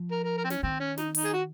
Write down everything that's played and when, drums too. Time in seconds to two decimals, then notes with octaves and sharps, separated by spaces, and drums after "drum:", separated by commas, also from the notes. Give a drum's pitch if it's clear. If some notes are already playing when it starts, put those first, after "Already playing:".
Already playing: F3
0.11 A#4
0.24 A#4
0.38 A#4
0.45 C4
0.50 C#4, drum: snare
0.63 D#3 C4
0.80 C#4
0.98 D#4, drum: snare
1.15 D#4, drum: open hi-hat
1.25 G#4
1.34 F#4